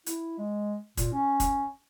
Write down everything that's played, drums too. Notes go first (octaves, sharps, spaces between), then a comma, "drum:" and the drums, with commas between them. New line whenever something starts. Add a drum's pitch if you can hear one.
E4, drum: hi-hat
G#3
A#2, drum: kick, hi-hat
C#4
drum: kick, hi-hat